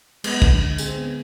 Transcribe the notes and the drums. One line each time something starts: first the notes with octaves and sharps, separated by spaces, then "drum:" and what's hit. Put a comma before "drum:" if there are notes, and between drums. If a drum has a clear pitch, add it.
G#3 B3, drum: cymbal
D3, drum: kick
D3
C4 G#4, drum: tambourine
B3